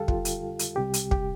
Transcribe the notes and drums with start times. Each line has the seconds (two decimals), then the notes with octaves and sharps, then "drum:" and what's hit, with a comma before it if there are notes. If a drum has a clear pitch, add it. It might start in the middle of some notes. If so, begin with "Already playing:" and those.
Already playing: F2 D3 G3 G4 A4 F5 G5
0.08 F4, drum: kick
0.25 drum: hi-hat
0.59 drum: hi-hat
0.76 C2 C3 G3 G4
0.94 drum: hi-hat
1.11 G4, drum: kick